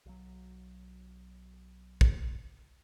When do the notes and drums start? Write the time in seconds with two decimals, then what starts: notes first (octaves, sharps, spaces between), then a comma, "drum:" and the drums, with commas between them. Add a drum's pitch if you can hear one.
0.06 B1 F#3
2.01 drum: kick